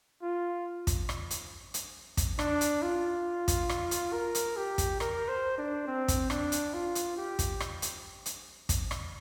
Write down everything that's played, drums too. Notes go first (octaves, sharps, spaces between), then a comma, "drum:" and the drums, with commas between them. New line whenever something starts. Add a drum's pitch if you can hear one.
F4
drum: kick, hi-hat
drum: rim click
drum: hi-hat
drum: hi-hat
drum: kick, hi-hat
D4, drum: rim click
drum: hi-hat
F4
drum: kick, hi-hat
drum: rim click
drum: hi-hat
A#4
drum: hi-hat
G4
drum: kick, hi-hat
A#4, drum: rim click
C5
D4
C4
drum: kick, hi-hat
D4, drum: rim click
drum: hi-hat
F4
drum: hi-hat
G4
drum: kick, hi-hat
drum: rim click
drum: hi-hat
drum: hi-hat
drum: kick, hi-hat
drum: rim click